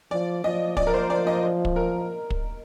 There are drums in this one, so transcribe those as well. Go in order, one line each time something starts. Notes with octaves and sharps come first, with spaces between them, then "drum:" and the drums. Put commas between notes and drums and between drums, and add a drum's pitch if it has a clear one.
F3 D5
F3 D#5
F3 D5, drum: kick
A#4
C5
D5
D#5
drum: kick
A#4
drum: kick